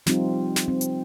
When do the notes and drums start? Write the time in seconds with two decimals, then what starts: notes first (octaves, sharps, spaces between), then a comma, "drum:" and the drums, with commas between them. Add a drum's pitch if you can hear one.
0.06 F3 G3 C4 D#4 F4 G4, drum: snare
0.56 drum: snare
0.68 C4
0.81 drum: hi-hat